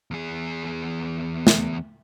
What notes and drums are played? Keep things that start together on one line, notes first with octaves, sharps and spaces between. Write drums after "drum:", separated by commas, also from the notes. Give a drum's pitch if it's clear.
E2 G#4
drum: snare